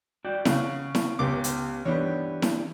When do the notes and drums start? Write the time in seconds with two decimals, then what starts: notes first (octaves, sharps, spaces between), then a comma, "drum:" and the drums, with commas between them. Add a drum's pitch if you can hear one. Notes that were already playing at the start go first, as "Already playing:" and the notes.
0.25 F#4 D5 G5
0.45 C#3 F#5, drum: snare E4
0.95 drum: snare E4
1.19 C#2 B3 G4 D6
1.44 drum: hi-hat
1.85 E3 B3 D4 G4 C#5
2.42 drum: snare E4